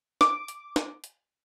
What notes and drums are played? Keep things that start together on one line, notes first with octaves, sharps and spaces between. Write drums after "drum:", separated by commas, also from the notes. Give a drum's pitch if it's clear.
D6, drum: snare
drum: hi-hat
drum: snare
drum: hi-hat